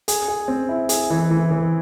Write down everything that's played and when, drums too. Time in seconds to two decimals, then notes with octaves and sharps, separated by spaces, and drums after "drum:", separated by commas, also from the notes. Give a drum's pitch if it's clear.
0.08 G#4, drum: hi-hat
0.28 G#4
0.48 C4
0.69 E4
0.89 G#4, drum: hi-hat
1.10 E3
1.31 E3
1.51 E3